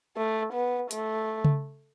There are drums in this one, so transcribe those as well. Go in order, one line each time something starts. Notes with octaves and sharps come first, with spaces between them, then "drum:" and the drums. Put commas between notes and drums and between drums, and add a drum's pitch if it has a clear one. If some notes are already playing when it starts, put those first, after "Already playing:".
A3
B3
A3, drum: hi-hat
drum: tom C#3